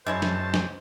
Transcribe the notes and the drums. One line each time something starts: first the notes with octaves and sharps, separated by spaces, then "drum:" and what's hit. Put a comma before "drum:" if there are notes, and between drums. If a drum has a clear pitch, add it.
F#2 G#3 E4 C5 C#5 A5
drum: snare
drum: snare